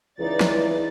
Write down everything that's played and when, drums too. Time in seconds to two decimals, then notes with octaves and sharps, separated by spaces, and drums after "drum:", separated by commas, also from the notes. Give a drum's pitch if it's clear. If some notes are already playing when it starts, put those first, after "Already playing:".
0.20 C#2 E3 D#4 D5 A6
0.41 drum: snare